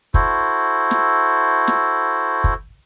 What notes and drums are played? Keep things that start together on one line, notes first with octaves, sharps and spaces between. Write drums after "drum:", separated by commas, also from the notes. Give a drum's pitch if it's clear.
E4 F#4 A4 C5, drum: kick
drum: snare
drum: snare
drum: kick